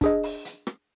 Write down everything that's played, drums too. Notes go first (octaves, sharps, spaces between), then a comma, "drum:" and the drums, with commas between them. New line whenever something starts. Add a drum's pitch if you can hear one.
D4 G#4 D#5, drum: kick, hi-hat
drum: open hi-hat
drum: hi-hat
drum: rim click